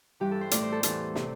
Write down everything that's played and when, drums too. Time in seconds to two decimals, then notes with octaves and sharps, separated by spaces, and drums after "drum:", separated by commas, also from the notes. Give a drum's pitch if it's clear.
0.20 G2 E3 G3 G4
0.31 A4
0.41 C5
0.51 A2 A3 D5, drum: hi-hat
0.63 C5
0.72 A4
0.83 E2 E3 A3 A4, drum: hi-hat
1.16 C3 A3, drum: snare